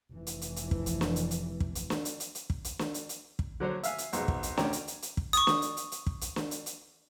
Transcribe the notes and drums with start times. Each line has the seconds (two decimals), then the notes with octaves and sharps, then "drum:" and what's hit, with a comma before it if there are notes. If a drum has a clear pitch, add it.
0.11 F1 E3
0.27 drum: hi-hat
0.41 drum: hi-hat
0.56 drum: hi-hat
0.71 drum: kick
0.86 drum: hi-hat
1.01 drum: snare
1.16 drum: hi-hat
1.31 drum: hi-hat
1.60 drum: kick
1.75 drum: hi-hat
1.90 drum: snare
2.05 drum: hi-hat
2.20 drum: hi-hat
2.35 drum: hi-hat
2.50 drum: kick
2.64 drum: hi-hat
2.79 drum: snare
2.94 drum: hi-hat
3.09 drum: hi-hat
3.39 drum: kick
3.60 D3 F#3 C5 C#5
3.83 E5 F5 G#5, drum: hi-hat
3.98 drum: hi-hat
4.13 B1 F2 G#3, drum: hi-hat
4.28 drum: kick
4.43 drum: hi-hat
4.57 D2 C#4 D5 G5 A#5, drum: snare
4.73 drum: hi-hat
4.88 drum: hi-hat
5.02 drum: hi-hat
5.17 drum: kick
5.33 C#6 D#6, drum: hi-hat
5.47 drum: snare
5.62 drum: hi-hat
5.77 drum: hi-hat
5.92 drum: hi-hat
6.06 drum: kick
6.21 drum: hi-hat
6.36 drum: snare
6.51 drum: hi-hat
6.66 drum: hi-hat